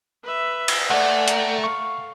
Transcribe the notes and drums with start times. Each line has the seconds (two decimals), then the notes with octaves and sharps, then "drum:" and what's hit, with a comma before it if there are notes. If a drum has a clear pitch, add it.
0.23 B4 E5
0.68 drum: cymbal
0.90 A3 D5 F#5 G#5
1.28 G5 A#5, drum: hi-hat
1.64 F5 C#6